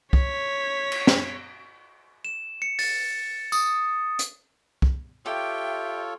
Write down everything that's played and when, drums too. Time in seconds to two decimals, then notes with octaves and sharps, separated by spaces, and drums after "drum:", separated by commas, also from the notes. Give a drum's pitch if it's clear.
0.13 C#5 B6, drum: kick
0.92 drum: cymbal
1.07 drum: snare
2.25 E7
2.62 C#7
2.79 A6, drum: open hi-hat
3.52 D#6, drum: tambourine
4.19 drum: hi-hat
4.82 drum: kick
5.26 F4 G4 A4 C#5 E5 G5